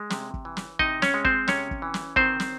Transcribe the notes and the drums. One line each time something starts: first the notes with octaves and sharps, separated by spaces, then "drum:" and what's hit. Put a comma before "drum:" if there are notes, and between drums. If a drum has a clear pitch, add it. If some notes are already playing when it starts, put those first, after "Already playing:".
Already playing: G#3
C3, drum: snare
drum: kick
E3
drum: snare
C3 D#4 D#5, drum: kick
C#4 C#5, drum: snare
G#3
C4 C5, drum: kick
C3 C#4 C#5, drum: snare
drum: kick
E3
drum: snare
D#3 C4 C5, drum: kick
drum: snare